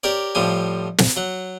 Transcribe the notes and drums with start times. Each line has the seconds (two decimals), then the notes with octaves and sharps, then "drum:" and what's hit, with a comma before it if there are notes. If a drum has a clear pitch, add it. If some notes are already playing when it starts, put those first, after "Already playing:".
0.03 G4 A#4 C#5 D5
0.35 A2 F3 G3 G#5
0.98 drum: snare
1.16 F#3 F#5